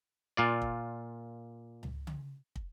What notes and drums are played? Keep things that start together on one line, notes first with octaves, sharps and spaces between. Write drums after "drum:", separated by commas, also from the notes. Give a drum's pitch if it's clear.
A#2 F4 D5
drum: kick
drum: tom C#2
drum: tom C#3
drum: kick